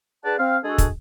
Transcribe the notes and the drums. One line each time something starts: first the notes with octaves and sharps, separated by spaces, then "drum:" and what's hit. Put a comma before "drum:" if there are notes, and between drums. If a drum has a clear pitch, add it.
D4 G#4 B4 D5 F#5 A5
C4 F5
G#3 D4 F#4 G#4 A4
drum: kick, hi-hat